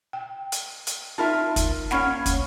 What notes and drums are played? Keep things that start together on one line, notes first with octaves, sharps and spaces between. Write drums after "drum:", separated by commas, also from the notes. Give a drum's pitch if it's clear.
G5
drum: hi-hat
drum: hi-hat
D#4 F4 A#4 E5 A5
drum: kick, hi-hat
A#3 C#4 C#5 F#5 B5 C#6, drum: snare
drum: kick, hi-hat